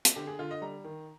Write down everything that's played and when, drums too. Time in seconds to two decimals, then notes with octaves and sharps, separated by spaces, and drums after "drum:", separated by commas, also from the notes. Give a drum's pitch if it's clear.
0.05 drum: hi-hat
0.16 D3 G4
0.27 G#4
0.39 D3 F4
0.51 D#5
0.61 G3 A#5
0.84 D#3